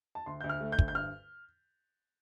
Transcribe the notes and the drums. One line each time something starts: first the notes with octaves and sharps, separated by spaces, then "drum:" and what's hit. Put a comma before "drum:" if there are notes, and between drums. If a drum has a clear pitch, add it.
A5
D2 C6
D2 G6
F6
A3
G6
D2, drum: kick
G6
G2 F6